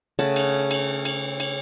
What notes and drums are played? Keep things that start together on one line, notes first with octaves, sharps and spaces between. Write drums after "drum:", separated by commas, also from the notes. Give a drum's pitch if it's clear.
C#3 A3 F#5 A5
drum: cymbal
drum: cymbal
drum: cymbal
drum: cymbal